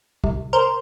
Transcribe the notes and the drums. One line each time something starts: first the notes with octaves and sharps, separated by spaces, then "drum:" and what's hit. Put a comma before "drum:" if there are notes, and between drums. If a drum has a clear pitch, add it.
C2, drum: kick
A#4 C5